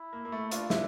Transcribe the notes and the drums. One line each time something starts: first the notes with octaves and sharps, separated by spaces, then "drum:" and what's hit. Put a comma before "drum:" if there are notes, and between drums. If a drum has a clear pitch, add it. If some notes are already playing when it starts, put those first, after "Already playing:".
Already playing: E4
A#3
A#3
A3
D4 F4, drum: hi-hat
E4, drum: snare